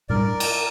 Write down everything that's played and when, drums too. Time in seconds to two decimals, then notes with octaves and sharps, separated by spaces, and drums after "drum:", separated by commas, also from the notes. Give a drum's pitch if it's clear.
0.09 A2 G3 D4 A#4 D5
0.40 drum: cymbal